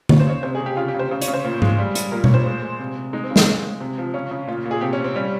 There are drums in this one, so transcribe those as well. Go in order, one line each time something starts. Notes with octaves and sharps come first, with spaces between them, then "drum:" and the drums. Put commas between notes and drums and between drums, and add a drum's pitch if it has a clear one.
C#3 C#5, drum: tom D3
C5
C#3 C#5
C3 C5
G#4
C3
G4
C#3 F4
G4
C#3 C5
C#3
C#5, drum: hi-hat
C#3
C5
A#2
G#3, drum: tom G#2
G3
G3, drum: hi-hat
A#2 A#4
C#5, drum: tom B2
A#2 C5
G#3
G#3
C3
C3
G#3 D#4
C4
C#3
C#4, drum: snare
G#3
G#3
C3
F3
C#3 C#4
C#3
A#2 F4
A#2
G#4
C3 G4
C#4
C3
C4
G3 C#4